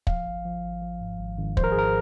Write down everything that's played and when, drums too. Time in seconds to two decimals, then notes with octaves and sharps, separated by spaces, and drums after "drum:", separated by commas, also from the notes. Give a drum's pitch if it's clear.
0.07 F3 F5, drum: kick
0.26 G#1
0.45 F3
0.63 G#1
0.82 F3
1.01 G#2
1.19 G#1
1.38 G#1
1.57 F3 C5, drum: kick
1.64 A#4
1.72 G#4
1.75 G#2 A#4